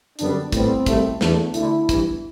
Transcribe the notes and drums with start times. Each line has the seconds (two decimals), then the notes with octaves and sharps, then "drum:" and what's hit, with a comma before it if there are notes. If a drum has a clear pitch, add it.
0.19 F#2 D3 G3 B3 D4, drum: hi-hat
0.52 A2 G3 B3 C4, drum: kick, hi-hat
0.86 C2 B2 A3, drum: kick, hi-hat
1.21 E2 D3 A3, drum: snare
1.54 D2 D3 A3 E4, drum: hi-hat
1.89 G2 E3 B3, drum: kick, hi-hat